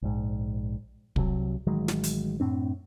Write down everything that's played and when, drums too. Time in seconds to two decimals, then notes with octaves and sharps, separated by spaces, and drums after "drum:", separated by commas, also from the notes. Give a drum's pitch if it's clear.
0.02 A#1 G#2
1.16 C2 C3 F#3, drum: kick
1.67 A1 D#3 F#3 G#3
1.88 drum: snare
2.03 drum: hi-hat
2.40 F#2 A2 C4 D4